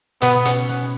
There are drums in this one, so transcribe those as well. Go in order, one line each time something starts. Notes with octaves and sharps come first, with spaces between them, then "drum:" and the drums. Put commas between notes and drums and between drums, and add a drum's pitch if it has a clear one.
B2 B3, drum: hi-hat
C#4, drum: hi-hat
B3